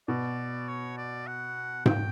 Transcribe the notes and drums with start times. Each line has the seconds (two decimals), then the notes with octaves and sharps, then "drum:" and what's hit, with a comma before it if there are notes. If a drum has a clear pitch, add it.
0.08 B2 D5
0.68 C#5
0.97 D5
1.27 F#5
1.86 G5, drum: tom G#2